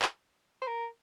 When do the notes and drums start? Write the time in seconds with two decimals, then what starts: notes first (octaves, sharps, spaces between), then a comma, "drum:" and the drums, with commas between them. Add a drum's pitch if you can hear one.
0.02 drum: clap
0.62 C5
0.67 A#4